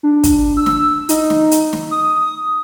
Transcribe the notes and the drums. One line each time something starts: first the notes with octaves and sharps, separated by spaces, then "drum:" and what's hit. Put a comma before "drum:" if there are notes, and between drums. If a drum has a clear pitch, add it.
D4
drum: kick, hi-hat
E6
drum: snare
D#4, drum: hi-hat
drum: snare
drum: hi-hat
drum: snare
D#6